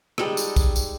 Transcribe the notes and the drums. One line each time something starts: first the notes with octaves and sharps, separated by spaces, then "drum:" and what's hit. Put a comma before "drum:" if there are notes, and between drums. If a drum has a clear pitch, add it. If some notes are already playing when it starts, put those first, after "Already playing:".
G3 G#3 D#4 A4, drum: rim click
drum: tambourine
drum: kick, tambourine
drum: tambourine